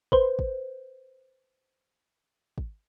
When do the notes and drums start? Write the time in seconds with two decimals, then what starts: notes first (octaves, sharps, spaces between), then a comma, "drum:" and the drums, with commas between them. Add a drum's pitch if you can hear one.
0.12 B4 C5, drum: kick
0.39 drum: kick
2.58 drum: kick